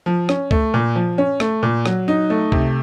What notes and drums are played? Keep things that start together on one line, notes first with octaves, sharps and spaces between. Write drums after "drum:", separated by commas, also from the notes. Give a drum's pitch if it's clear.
F3
C#4, drum: rim click
A3, drum: kick C#2
A#2
F3
C#4
A3, drum: rim click
A#2
F#3, drum: rim click
D#4
A3
C3, drum: kick C#2